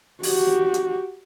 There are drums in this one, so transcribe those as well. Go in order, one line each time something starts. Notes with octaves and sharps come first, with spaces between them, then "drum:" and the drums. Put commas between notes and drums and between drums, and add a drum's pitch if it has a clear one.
F#4 G4, drum: open hi-hat
drum: hi-hat